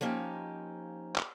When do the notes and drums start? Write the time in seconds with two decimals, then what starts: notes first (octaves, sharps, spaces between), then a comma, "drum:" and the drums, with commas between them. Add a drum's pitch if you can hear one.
0.01 F3 A#3 C#4 D#4 G4
1.16 drum: clap